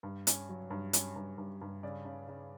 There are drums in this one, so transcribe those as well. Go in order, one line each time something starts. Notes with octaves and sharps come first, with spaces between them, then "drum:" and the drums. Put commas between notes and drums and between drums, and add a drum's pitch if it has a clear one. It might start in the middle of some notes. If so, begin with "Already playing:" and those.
G2
C#4, drum: hi-hat
F#3
G2
C#4, drum: hi-hat
G2
G2
G2
C#3 D5
C#3
C#3